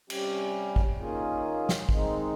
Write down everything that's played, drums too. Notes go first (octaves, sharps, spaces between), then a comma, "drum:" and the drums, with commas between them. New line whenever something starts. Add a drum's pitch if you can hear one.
C3 G3 C#4 G4, drum: cymbal
drum: kick
D#3 A#3 C#4 F4 G#4
drum: snare
D#3 G#3 C4 D#4, drum: kick